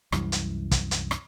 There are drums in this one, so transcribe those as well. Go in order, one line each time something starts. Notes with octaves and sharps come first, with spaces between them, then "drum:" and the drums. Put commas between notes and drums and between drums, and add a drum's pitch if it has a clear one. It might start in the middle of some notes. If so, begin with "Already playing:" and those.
C2 F#2 E3 G3, drum: rim click
drum: hi-hat
drum: kick, hi-hat
drum: hi-hat
drum: rim click